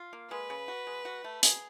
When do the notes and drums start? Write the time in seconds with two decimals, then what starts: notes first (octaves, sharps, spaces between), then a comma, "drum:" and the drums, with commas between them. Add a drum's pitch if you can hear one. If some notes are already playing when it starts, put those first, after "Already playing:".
Already playing: F4
0.13 A#3
0.31 G#3 B4
0.50 C#3
0.68 F#4
0.87 G#3
1.05 F#4
1.24 A3
1.43 G#4, drum: hi-hat